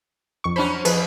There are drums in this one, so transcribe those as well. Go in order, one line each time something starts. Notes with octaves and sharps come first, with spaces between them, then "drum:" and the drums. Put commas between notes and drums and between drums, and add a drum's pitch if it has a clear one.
F2 C#6
F#3 C#4 D4 C5 B5
F3 G#4 B4, drum: cymbal